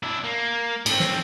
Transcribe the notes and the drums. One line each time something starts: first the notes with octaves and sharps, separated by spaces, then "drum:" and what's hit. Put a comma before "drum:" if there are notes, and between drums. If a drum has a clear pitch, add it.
D4 E4
A#3
A2 C4, drum: cymbal
drum: snare